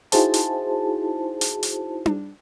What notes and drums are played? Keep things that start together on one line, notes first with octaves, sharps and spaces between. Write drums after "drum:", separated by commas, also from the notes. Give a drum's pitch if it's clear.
D#4 E4 F#4 G#4 C5 A5, drum: hi-hat
drum: hi-hat
drum: hi-hat
drum: hi-hat
drum: tom D4